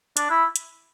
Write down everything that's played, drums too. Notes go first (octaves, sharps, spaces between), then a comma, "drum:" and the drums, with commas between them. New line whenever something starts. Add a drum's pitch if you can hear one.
D4, drum: hi-hat
E4
drum: hi-hat